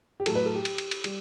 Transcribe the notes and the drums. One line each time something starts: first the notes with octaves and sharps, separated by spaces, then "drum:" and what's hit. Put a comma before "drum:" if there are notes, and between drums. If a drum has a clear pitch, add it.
G4
A2 F#3 A4, drum: cymbal
B4
A4
G4
drum: cymbal
drum: cymbal
drum: cymbal
G3, drum: cymbal